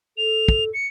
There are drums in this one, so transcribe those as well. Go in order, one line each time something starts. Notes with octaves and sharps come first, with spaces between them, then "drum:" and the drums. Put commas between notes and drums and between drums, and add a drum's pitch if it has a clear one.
A4 F7
drum: kick
C#7